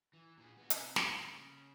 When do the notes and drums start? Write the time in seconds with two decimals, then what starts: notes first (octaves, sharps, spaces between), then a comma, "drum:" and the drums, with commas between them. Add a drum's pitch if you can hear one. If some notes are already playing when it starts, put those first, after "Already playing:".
0.13 E3
0.38 A#2 G#4
0.57 B3 F4
0.70 C3, drum: hi-hat
0.96 A#3, drum: snare
1.24 C#3